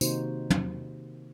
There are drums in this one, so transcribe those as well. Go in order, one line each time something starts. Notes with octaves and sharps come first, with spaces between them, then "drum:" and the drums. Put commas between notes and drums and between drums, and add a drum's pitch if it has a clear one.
C3 D#3 A#3 D#4 F#4 C5, drum: tambourine
drum: tom